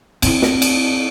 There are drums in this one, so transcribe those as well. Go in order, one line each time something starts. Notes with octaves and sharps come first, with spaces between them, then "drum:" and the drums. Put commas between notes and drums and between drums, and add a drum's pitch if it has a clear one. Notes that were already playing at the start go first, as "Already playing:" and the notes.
C4 E4, drum: cymbal
drum: snare
drum: cymbal